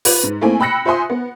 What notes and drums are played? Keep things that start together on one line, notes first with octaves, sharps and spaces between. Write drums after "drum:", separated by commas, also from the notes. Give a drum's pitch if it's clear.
F4 B4, drum: open hi-hat
G#2
A3 A#3 C4 E4 G#5
G5 B5 E6 F#6 A#6 C#7
F4 C5 E5 G#5 C6 D#6
B3